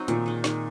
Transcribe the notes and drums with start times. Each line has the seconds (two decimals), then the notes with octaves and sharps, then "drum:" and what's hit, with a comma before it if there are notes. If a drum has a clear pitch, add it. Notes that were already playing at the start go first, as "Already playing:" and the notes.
Already playing: F#3 C4 D#4
0.08 A#2 D#3, drum: hi-hat
0.26 G#3 D#4
0.44 D#3, drum: snare